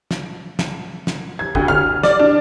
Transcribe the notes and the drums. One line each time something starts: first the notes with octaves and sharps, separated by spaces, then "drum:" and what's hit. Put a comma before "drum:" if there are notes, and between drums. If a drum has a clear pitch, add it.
drum: snare
drum: snare
drum: snare
G#6
D2, drum: kick
F6
D5, drum: snare
D4